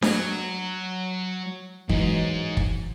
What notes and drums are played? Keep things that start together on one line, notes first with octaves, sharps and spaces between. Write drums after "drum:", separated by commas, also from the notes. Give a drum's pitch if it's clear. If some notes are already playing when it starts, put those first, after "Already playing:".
F#3, drum: snare D4
G#2 E3 F#3 D#4, drum: kick
drum: kick